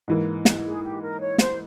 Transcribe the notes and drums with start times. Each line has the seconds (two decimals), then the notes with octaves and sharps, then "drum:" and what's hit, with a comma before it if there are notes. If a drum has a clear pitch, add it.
0.08 G#2 E3 A#3
0.45 drum: snare
0.64 G#4
0.83 G4
1.01 A#4
1.20 C#5
1.38 C5, drum: snare